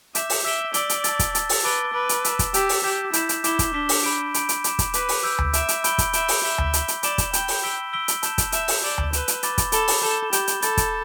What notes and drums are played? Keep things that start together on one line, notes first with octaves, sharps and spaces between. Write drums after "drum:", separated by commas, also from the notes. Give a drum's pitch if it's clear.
E5 D6 G6 B6 E7, drum: hi-hat
drum: open hi-hat
E5 E6 B6 D7 G7
D5 E6 B6 D7 G7, drum: hi-hat
drum: hi-hat
A5 E6 A6, drum: hi-hat
drum: kick, hi-hat
A5 E6 A6, drum: hi-hat
drum: open hi-hat
B4 A5 D6 A6 D7 G7
B4 A5 D6 A6 D7 G7
drum: hi-hat
E6 B6 E7, drum: hi-hat
drum: kick, hi-hat
G4 E6 B6 E7, drum: hi-hat
drum: open hi-hat
G4 G6 B6 E7
E4 G6 B6 E7, drum: hi-hat
drum: hi-hat
E4 D6 B6 E7 G7, drum: hi-hat
drum: kick, hi-hat
D4 D6 B6 E7 G7
drum: open hi-hat
B5 G6 D7
B5 G6 D7, drum: hi-hat
drum: hi-hat
D6 B6 E7, drum: hi-hat
drum: kick, hi-hat
B4 D6 B6 E7, drum: hi-hat
drum: open hi-hat
E6 G6 D7
drum: tom D2
E5 E6 G6 D7, drum: hi-hat
drum: hi-hat
B5 G6 D7 G7, drum: hi-hat
drum: kick, hi-hat
E5 B5 G6 D7 G7, drum: hi-hat
drum: open hi-hat
E5 G6 B6 G7
drum: tom D2
G6 B6 G7, drum: hi-hat
drum: hi-hat
D5 B5 G6 E7 G7, drum: hi-hat
drum: kick, hi-hat
G5 B5 G6 E7 G7, drum: hi-hat
drum: open hi-hat
E6 B6 D7 G7
E6 B6 D7 G7
drum: hi-hat
A5 G6 E7, drum: hi-hat
drum: kick, hi-hat
E5 A5 G6 E7, drum: hi-hat
drum: open hi-hat
D5 G6 E7 G7
drum: tom D2
B4 G6 E7 G7, drum: hi-hat
drum: hi-hat
B5 D6 A6 E7 G7, drum: hi-hat
drum: kick, hi-hat
A4 B5 D6 A6 E7 G7, drum: hi-hat
drum: open hi-hat
A4 B5 G6 E7 G7
G4 B5 G6 E7 G7, drum: hi-hat
drum: hi-hat
A4 B5 D6 A6, drum: hi-hat
drum: kick, hi-hat